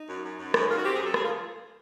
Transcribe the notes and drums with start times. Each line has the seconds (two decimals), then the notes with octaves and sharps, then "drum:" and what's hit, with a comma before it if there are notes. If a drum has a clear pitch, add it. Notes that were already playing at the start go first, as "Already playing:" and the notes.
Already playing: D#4
0.09 F#2
0.24 F#2
0.39 F#2
0.54 F#2, drum: rim click
0.69 F#2 F4
0.77 F#4
0.84 C4 G4
0.95 F#2 G#4
1.05 A4
1.14 A3 G#4, drum: rim click
1.24 F4